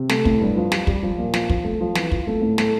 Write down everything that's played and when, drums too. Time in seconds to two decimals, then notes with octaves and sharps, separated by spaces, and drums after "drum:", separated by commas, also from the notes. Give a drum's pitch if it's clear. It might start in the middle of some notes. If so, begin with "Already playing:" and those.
Already playing: C3
0.09 A3, drum: snare
0.25 A2, drum: kick
0.41 G2
0.57 F3
0.72 G3, drum: snare
0.87 G3, drum: kick
1.03 F3
1.18 A#2
1.34 F3, drum: snare
1.50 F3, drum: kick
1.64 A3
1.81 F3
1.95 E3, drum: snare
2.12 F4, drum: kick
2.27 A3
2.42 A2
2.58 A3, drum: snare